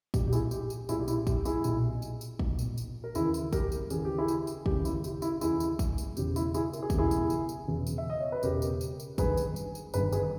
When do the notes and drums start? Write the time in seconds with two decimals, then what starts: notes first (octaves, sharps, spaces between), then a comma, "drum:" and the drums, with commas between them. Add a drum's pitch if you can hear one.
0.14 B1 A#2 G4, drum: kick, tambourine
0.27 G4
0.33 E4 G#4, drum: tambourine
0.51 G4, drum: tambourine
0.70 drum: tambourine
0.89 B1 A#2 E4 G#4, drum: tambourine
1.00 G4
1.08 E4, drum: tambourine
1.27 G4, drum: kick, tambourine
1.45 E4 G#4, drum: tambourine
1.64 B1 A#2, drum: tambourine
2.02 drum: tambourine
2.21 drum: tambourine
2.39 B1 A#2, drum: kick
2.59 drum: tambourine
2.78 drum: tambourine
3.04 A#4
3.15 D#2 C#3 E3 E4 G#4, drum: tambourine
3.34 drum: tambourine
3.53 G4 A#4, drum: kick, tambourine
3.72 drum: tambourine
3.90 D#2 C#3 E3 G#4, drum: tambourine
4.05 G4
4.18 E4 G#4
4.28 drum: tambourine
4.47 drum: tambourine
4.66 D#2 C#3 E3 G4, drum: kick
4.85 E4, drum: tambourine
5.04 G4, drum: tambourine
5.22 E4, drum: tambourine
5.41 D#2 C#3 E3 E4 G#4, drum: tambourine
5.60 drum: tambourine
5.79 drum: kick, tambourine
5.98 drum: tambourine
6.17 E1 E2 C#3 G4, drum: tambourine
6.36 E4, drum: tambourine
6.54 E4 G#4, drum: tambourine
6.73 A#4, drum: tambourine
6.83 G#4
6.90 E1 E2 C#3 G4, drum: kick, tambourine
6.98 E4 G#4
7.11 drum: tambourine
7.30 drum: tambourine
7.49 drum: tambourine
7.67 E1 E2 C#3
7.87 drum: tambourine
7.98 E5
8.10 D#5
8.21 C#5
8.32 B4
8.43 E1 E2 C#3 G4 A#4, drum: tambourine
8.62 drum: tambourine
8.81 drum: tambourine
9.00 drum: tambourine
9.18 G1 G2 D#3 G#4 B4, drum: kick, tambourine
9.37 drum: tambourine
9.56 drum: tambourine
9.75 drum: tambourine
9.94 G1 G2 D#3 G#4 B4, drum: tambourine
10.12 G#4 B4, drum: tambourine